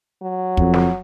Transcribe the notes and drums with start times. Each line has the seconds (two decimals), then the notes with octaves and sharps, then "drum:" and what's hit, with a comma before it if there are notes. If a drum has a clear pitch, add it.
0.22 F#3
0.57 F2, drum: kick
0.74 drum: snare